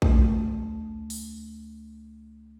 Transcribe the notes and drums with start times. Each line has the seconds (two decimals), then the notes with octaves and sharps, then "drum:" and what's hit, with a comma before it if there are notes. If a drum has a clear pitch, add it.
0.02 D2 A3, drum: kick
1.10 drum: open hi-hat